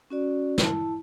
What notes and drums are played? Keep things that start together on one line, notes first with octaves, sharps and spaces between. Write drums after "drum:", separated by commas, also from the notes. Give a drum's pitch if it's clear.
C#4 F#4 D5
E4 A5, drum: snare